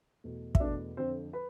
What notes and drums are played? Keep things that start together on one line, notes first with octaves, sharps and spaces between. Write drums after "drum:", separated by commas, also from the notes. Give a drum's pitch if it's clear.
E2 B2 A3
E5, drum: kick
E2 B2 A3 D4 D5
F2 D3 F3 C4 C5
B4 B5